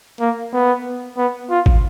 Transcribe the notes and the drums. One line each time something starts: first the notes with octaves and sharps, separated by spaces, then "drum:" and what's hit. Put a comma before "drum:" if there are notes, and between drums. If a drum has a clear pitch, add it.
A#3
B3
B3
F4
drum: kick A1